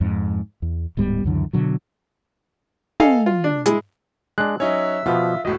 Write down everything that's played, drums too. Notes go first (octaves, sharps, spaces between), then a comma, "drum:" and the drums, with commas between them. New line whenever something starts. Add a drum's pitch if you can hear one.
F2 G#2
E2
D1 G#2 G3 B3
C#2 F#2 D3 E3
B2 D3 F#3
A4 D#5 F5 G#5, drum: tom
F4
D4
G#3 E4 G#4, drum: hi-hat
G#3 D4 F#6
F#3 C#4 D#4 C#5 E5 E6
B2 F3 B3 F4
E1 A2 F#4 D#5